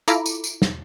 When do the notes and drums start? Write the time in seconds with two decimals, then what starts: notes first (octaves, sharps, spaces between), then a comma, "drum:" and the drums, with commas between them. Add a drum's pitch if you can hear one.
0.08 E4 F4 A4 A#5 B5 D6, drum: tambourine
0.26 drum: tambourine
0.44 drum: tambourine
0.62 drum: snare